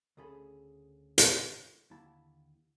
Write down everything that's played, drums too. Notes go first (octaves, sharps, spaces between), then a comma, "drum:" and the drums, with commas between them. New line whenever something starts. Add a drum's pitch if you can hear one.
D2 C#3 G#4 A4 B5
drum: hi-hat
D#2 D3 A#3 E4 A5